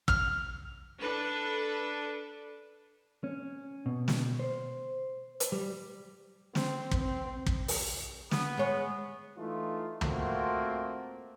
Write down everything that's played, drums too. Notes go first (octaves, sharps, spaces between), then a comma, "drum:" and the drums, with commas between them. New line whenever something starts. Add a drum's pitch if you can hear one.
F6, drum: kick
D4 A4 B4
C#4
B2
drum: snare
C5
drum: hi-hat
G3
C4, drum: snare
drum: kick
C4
drum: kick
drum: open hi-hat
B3, drum: snare
G#3 C#5
E3 A3 D#4 F4
A3 A#3 C4 F4 F#4, drum: tom